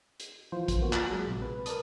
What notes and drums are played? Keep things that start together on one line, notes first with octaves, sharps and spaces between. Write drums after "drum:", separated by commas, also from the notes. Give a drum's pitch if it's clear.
drum: hi-hat
E3 F3 F4 C5
drum: kick A1, hi-hat
A#3 B3 F4 F#4
drum: clap
F#3 G#3
A#1 C3
B4
A#4 B4 D5 A5 D#6, drum: hi-hat